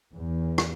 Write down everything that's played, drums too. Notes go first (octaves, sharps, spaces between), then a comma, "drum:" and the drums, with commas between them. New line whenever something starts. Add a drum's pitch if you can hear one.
E2
drum: rim click